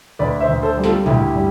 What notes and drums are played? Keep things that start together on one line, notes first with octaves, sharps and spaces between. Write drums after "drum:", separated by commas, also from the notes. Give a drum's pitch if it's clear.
D2 B4 D5
C5 E5
D2
A4 C5
G3
F4 A4, drum: snare
D2 E4 G4, drum: tom
G3